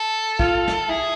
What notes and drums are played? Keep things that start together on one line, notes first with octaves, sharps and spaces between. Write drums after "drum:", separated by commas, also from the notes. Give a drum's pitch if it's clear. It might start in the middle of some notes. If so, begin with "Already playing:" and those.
Already playing: A4
F4, drum: kick
drum: snare
E4 G#4